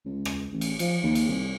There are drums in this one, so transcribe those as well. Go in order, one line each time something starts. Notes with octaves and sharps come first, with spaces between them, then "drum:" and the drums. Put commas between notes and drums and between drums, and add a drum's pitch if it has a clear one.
C#2
drum: rim click
A1
drum: cymbal
F3, drum: cymbal
D#2
drum: cymbal
C2